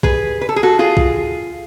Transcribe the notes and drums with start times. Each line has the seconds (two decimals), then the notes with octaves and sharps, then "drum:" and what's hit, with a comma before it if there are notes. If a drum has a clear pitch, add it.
0.03 G#4 B4, drum: kick
0.41 B4
0.49 A4
0.56 G#4
0.63 F#4 A4
0.79 F4 G#4
0.97 drum: kick